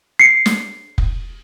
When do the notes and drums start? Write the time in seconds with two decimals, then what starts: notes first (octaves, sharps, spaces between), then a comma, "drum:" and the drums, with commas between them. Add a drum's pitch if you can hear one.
0.19 C7 C#7
0.46 drum: snare
0.98 drum: kick F1